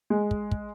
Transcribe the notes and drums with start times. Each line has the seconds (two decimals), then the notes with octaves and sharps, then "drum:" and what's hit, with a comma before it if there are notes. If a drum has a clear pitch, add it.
0.10 G#3
0.31 drum: kick
0.51 drum: kick